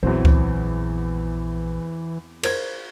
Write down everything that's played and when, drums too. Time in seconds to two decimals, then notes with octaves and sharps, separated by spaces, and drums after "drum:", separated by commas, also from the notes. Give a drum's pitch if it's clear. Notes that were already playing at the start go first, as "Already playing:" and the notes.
0.03 A#1 E2 E3 F#3 C4
0.25 drum: kick C#2
2.43 A#4 C5 G#6, drum: cymbal